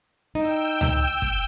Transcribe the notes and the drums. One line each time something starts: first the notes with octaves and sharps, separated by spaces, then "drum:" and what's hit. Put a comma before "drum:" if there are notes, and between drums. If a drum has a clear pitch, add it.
D#4 G5 E6 G6
drum: tom C#2
drum: kick